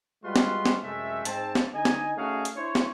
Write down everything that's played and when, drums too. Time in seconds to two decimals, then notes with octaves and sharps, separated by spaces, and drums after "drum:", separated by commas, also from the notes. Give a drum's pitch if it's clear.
0.24 G3 G#3 F4 F#4 B4 C6
0.36 drum: snare
0.66 drum: snare
0.83 F#2 C3 G#3 A3 E5
1.25 G#2 C4 A5, drum: hi-hat
1.55 drum: snare
1.74 D3 D#4 D#5 G#5
1.85 drum: snare
2.17 A3 C#4 D#4 F#4 G#4 F5
2.45 drum: hi-hat
2.56 D4 E4 C5 C#5
2.75 drum: snare